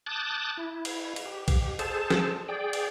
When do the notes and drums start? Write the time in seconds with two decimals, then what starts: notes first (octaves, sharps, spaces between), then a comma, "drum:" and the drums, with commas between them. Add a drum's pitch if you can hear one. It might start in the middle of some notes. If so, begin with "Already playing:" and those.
0.06 A5 D6 D#6 F#6 G6 A6
0.57 E4
0.85 drum: cymbal
1.16 drum: cymbal
1.26 G4
1.48 drum: kick, cymbal
1.79 G#4 A4 C5 A5, drum: cymbal
2.10 drum: snare
2.49 G#4 D5 G5
2.73 drum: cymbal